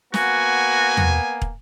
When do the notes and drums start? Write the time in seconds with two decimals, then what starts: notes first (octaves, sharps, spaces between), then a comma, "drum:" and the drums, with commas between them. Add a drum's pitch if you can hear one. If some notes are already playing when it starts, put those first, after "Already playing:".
0.14 A#3 B3 F#4 G#5, drum: snare
0.97 drum: tom
1.42 drum: kick